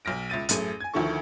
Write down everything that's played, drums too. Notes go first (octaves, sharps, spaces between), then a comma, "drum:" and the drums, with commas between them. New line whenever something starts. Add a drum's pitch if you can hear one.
B1 F6 A#6 D7
C#2 E5 A6 D#7
A1 F#2 A3 G#4 D#7, drum: hi-hat
G#5 G#6
D2 D#3 F3 E4 A4 C#6